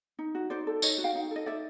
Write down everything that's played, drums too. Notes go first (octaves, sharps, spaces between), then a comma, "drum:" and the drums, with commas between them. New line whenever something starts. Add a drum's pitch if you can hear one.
D#4
F#4
D#4 C5 D5
A4
D#4 C#5 D#5, drum: tambourine
F#4
F5 G5
D#4
A4 D#5
D#4 D5 E5